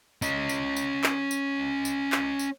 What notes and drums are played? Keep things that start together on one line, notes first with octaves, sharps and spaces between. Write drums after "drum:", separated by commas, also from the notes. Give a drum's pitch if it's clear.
C#4 D#5, drum: tambourine
drum: tambourine
drum: tambourine
drum: clap
drum: tambourine
drum: tambourine
drum: clap
drum: tambourine